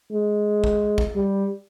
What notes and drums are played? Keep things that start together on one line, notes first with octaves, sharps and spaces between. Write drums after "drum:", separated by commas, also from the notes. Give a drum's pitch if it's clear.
G#3
drum: kick
drum: kick
G3